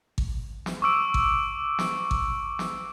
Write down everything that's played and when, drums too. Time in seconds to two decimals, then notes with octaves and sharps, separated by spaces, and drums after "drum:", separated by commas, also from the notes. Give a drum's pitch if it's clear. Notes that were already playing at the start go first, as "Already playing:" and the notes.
0.18 drum: kick G#1
0.66 drum: snare
0.82 C#6 D6 E6 D7
1.14 drum: kick G#1
1.79 drum: snare
2.11 drum: kick G#1
2.59 drum: snare